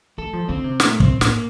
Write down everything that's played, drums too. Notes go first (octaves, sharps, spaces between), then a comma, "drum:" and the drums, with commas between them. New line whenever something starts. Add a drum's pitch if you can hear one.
A3 A4
F3
D3 C4
C3
A#2 A3, drum: snare
A#2 C4, drum: kick
A2 A#3, drum: snare